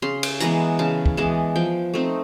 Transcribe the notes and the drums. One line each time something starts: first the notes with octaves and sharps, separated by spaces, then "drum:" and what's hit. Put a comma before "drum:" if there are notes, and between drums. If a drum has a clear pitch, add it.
C#3 C6
drum: cymbal
E3 G#3 B3 A#5, drum: hi-hat
C#3 A5
drum: kick
E3 G#3 B3 A5
F3 G5
A3 C4 D#4